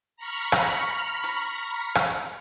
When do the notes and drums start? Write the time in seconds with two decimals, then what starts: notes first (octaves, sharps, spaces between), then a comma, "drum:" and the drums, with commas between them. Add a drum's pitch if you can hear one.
0.16 A#5 B5 C#6 F6
0.52 drum: rim click
1.24 drum: hi-hat
1.95 drum: rim click